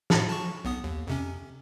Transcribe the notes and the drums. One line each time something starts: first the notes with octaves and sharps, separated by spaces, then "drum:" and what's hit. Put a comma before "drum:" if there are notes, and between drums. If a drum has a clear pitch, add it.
A2 E3, drum: snare
A5 C#6
B1 B3 D#6
D#2
F2 C3 C#4